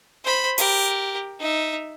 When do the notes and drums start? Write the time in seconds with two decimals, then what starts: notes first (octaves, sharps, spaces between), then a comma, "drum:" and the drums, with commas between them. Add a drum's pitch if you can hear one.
0.24 C5 B5
0.58 G4 A#4, drum: open hi-hat
1.39 D#4 E5